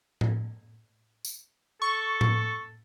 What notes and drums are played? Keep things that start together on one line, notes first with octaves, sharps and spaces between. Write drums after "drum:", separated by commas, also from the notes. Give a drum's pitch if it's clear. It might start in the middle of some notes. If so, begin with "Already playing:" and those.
drum: tom A2
drum: tambourine
A4 C#6
drum: tom A2